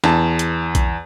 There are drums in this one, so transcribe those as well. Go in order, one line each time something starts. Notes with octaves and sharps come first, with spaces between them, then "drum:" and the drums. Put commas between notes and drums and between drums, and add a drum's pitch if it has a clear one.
E2 A5, drum: snare
drum: hi-hat
drum: kick B1, hi-hat